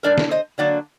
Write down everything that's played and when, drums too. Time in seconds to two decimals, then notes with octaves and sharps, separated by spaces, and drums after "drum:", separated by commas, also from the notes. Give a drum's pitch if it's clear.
0.03 A#2 G3 D4 A#4 D5
0.18 drum: snare
0.31 C5 D#5
0.58 D3 F#3 A#3 D4 D5 F#5